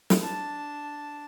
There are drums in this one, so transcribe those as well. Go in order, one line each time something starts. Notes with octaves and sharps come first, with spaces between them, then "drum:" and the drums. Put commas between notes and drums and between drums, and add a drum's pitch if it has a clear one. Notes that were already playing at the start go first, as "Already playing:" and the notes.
drum: snare
D4 A5